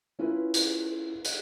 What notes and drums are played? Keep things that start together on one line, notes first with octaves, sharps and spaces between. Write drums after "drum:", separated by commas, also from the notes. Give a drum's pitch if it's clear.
C#4 E4 F4 A#4 B4
drum: hi-hat
drum: hi-hat